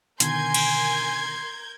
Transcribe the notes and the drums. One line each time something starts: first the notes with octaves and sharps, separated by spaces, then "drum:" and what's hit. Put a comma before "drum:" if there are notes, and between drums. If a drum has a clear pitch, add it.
B2 D3 D#3 A#4 G#5 C6 G6 G#6, drum: hi-hat
drum: cymbal